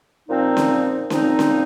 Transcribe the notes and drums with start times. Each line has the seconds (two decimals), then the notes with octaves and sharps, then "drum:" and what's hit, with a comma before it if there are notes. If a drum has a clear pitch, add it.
0.29 A#2 F3 C4 D#4
0.57 drum: snare C#4
1.10 A#2 F3 C4 D#4, drum: snare C#4
1.39 drum: snare C#4